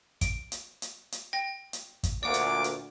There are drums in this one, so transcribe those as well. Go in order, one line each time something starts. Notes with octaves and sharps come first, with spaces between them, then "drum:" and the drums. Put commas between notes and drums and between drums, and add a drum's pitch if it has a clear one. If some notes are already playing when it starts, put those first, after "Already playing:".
D7, drum: kick, hi-hat
drum: hi-hat
drum: hi-hat
drum: hi-hat
G5 A#6
drum: hi-hat
drum: kick, hi-hat
D2 A#2 D5 F#5 D6
drum: hi-hat
drum: hi-hat